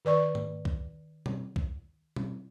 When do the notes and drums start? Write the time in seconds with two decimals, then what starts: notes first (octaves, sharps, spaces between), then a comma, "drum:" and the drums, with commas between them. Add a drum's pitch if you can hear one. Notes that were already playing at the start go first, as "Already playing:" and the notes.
0.05 D#3 B4 D5 C#6
0.35 drum: tom G#2
0.65 drum: kick C2
1.26 drum: tom B2
1.56 drum: kick C2
2.16 drum: tom B2